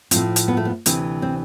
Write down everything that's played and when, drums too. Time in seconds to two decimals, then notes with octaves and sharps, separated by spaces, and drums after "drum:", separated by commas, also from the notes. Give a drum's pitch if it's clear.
0.11 A2 F3 C4, drum: hi-hat
0.36 drum: hi-hat
0.48 B3
0.57 A3
0.65 B3
0.86 D2 C3 E3 C4, drum: hi-hat
1.22 C4